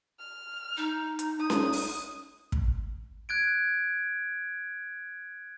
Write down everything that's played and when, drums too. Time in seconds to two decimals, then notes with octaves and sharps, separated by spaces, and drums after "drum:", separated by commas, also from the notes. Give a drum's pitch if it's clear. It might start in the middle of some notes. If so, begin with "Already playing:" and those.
0.19 F6
0.77 D#4
1.19 drum: hi-hat
1.39 D#6
1.50 drum: snare C#4
1.73 drum: open hi-hat
2.52 drum: kick
3.29 F#6 G#6 D7